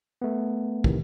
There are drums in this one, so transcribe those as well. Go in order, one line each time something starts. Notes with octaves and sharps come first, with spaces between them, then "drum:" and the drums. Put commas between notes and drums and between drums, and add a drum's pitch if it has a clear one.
A3 B3
A2 C3 D#3 E3, drum: kick